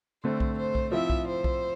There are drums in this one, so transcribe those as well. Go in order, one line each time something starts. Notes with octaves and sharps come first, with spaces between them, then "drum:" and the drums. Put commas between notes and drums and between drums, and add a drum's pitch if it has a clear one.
D3 A3 C4 C5
drum: kick B1
C5
drum: kick B1
F3 C4 E4 E5
drum: kick B1
C5
drum: kick B1